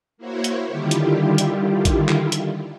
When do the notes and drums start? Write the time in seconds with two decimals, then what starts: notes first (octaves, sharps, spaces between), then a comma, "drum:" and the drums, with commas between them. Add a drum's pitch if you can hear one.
0.18 A#3 E4 F#4 C5 C#5
0.44 drum: hi-hat
0.68 D3 D#3 G3 E4 F4 G4
0.91 drum: hi-hat
1.38 drum: hi-hat
1.85 drum: kick, hi-hat
2.09 drum: clap
2.32 drum: hi-hat